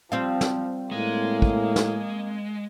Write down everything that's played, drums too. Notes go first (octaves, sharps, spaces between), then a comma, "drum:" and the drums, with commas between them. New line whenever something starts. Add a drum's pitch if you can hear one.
F3 G3 C4 F5
drum: snare
A2 G#3 A#3
drum: kick
drum: snare